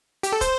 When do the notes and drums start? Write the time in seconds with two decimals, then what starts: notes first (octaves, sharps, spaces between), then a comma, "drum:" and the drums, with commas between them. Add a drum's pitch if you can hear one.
0.23 G4, drum: hi-hat
0.32 A4
0.41 C5, drum: kick, hi-hat